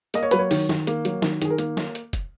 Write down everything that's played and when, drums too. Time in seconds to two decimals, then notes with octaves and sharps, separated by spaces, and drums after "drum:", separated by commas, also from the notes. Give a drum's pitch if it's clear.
0.14 A#3 D#5, drum: hi-hat
0.23 C#5
0.31 F#3 B4, drum: hi-hat
0.39 C#5
0.51 D#3, drum: open hi-hat
0.69 D#3, drum: snare
0.87 A#3, drum: hi-hat
1.05 F#3, drum: hi-hat
1.22 D#3, drum: snare
1.42 D#3 G#4, drum: hi-hat
1.50 A#4
1.59 A#3, drum: hi-hat
1.77 drum: snare
1.95 drum: hi-hat
2.13 drum: kick, hi-hat